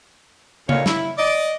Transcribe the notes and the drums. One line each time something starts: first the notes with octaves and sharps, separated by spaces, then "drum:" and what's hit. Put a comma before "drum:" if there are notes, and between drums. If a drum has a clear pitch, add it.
D2 A#2 D#4 C#5 F5, drum: tom C#3
E4, drum: snare
D5 D#5